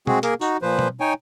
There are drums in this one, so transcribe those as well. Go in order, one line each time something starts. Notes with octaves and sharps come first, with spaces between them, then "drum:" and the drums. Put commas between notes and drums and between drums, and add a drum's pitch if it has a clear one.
G#3 C4 F#4 G#4, drum: tom B2
A#3 G#4 A#4, drum: hi-hat
D#4 F#4, drum: tambourine
A#2 F3 B4 C5
drum: tom B2
D#4 C#5 G5 G#5